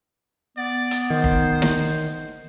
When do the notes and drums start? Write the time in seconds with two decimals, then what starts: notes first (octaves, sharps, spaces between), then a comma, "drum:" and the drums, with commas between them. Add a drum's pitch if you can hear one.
0.57 B3 D5
0.91 drum: hi-hat
1.10 D#3 C5
1.24 drum: kick
1.62 drum: snare